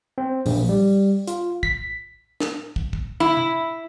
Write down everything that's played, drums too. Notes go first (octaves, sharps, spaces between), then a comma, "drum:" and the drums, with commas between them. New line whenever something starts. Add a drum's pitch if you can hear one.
C4
A#1, drum: open hi-hat
G3
F4, drum: hi-hat
B6, drum: kick
drum: snare
drum: kick
drum: kick
E4
drum: tom C3